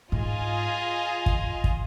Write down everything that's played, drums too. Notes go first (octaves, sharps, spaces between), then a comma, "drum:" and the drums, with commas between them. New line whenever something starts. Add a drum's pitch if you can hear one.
G#2 F4 G#4 D#5 G#5
drum: kick
drum: kick